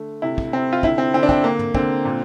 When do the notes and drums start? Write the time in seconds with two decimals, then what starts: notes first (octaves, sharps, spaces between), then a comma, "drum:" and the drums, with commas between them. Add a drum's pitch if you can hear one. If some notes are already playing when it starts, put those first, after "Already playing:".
Already playing: D3 A3
0.22 C3 E4
0.38 drum: kick
0.53 C3 C4
0.73 F4
0.83 D3 E4, drum: kick
0.98 C4
1.13 D3 C4
1.23 D4
1.29 C4, drum: kick
1.44 D3 A#3
1.59 drum: tom
1.75 D3 C4, drum: kick
2.05 A#2